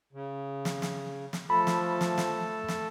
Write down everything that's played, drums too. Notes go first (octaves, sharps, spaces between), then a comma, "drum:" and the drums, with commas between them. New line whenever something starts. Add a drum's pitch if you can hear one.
C#3
drum: snare
drum: snare
drum: snare
F3 A3 A4 A5 B5
drum: snare
drum: snare
drum: snare
drum: snare